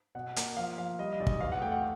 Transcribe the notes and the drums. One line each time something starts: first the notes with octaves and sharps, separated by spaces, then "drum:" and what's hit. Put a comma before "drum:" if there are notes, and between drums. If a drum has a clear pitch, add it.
B2 F#5
A#3, drum: hi-hat
F3 F5
F3 F5
G3 D#5
D#5
B1 D5
D#5, drum: kick
E2 F5
F#5
A3 G5
F#5